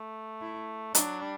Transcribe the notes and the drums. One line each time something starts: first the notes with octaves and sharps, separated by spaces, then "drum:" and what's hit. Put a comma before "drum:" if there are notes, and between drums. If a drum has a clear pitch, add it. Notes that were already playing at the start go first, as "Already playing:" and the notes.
Already playing: A3
E4
F#3 D4, drum: hi-hat
G3